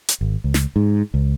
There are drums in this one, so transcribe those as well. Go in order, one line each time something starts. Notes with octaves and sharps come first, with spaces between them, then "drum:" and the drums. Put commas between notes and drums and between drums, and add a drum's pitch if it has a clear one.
drum: hi-hat
G#1
C#2
drum: snare
G#2
C#2